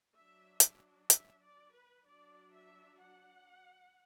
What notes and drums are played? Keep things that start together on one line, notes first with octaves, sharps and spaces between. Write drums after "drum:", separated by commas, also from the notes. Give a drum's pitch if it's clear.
F#3 D4 E5
drum: hi-hat
E5, drum: hi-hat
D5
B4
F#3 D4 D5
E5
F#5